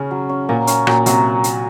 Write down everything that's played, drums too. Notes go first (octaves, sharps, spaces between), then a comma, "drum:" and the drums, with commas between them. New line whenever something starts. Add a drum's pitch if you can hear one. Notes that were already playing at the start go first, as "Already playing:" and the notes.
Already playing: C#3 C#4
F#3
C#4
A#2 A#3
C#4, drum: hi-hat
A#2 F#3, drum: rim click
C3 F#3, drum: hi-hat
drum: hi-hat